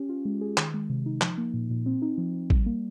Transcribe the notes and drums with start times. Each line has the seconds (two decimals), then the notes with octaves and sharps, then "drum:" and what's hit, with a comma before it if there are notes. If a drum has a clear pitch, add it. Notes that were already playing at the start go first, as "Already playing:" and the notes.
Already playing: C#4 G4
0.09 F4
0.25 G#3
0.41 G#4
0.57 D#3, drum: clap
0.74 G#3
0.89 C3
1.06 D#4
1.21 F3, drum: clap
1.38 A#3
1.54 A#2
1.70 A#2
1.86 C4
2.02 D#4
2.18 F3
2.34 F3
2.50 G3, drum: kick
2.66 A#3